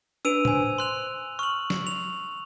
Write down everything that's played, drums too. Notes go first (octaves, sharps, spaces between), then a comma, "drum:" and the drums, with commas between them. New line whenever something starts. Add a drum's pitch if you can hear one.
D4 B4 E6 D7 D#7 F7
C5 G#5, drum: tom A2
C6 F#6 F7
C#6 F6 F#7
drum: snare
F7